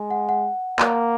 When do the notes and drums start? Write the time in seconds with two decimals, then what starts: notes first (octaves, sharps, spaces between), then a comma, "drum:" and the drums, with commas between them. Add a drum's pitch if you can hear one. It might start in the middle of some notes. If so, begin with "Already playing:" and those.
Already playing: G#3
0.10 F#5
0.29 F#5
0.79 A#3, drum: clap